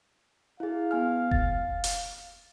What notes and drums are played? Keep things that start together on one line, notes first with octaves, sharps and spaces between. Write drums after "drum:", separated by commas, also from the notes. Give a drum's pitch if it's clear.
E4 G#4 F5
B3 G#5 F6
A6, drum: kick F1
drum: hi-hat